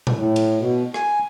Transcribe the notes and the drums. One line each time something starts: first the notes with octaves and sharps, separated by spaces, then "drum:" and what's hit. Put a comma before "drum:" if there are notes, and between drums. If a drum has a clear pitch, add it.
drum: tom A2
A2
drum: cymbal
B2
G#5, drum: rim click